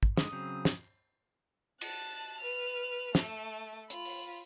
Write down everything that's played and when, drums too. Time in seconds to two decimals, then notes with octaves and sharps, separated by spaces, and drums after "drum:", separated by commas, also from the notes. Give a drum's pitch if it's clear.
0.03 drum: kick
0.17 D3 D#3 G#3 D#6, drum: snare
0.32 C#3 F#3 C4
0.65 drum: snare
1.81 A5 F#6, drum: cymbal
2.40 B4 F6
3.15 A3, drum: snare
3.90 F4 B5, drum: hi-hat
4.05 drum: open hi-hat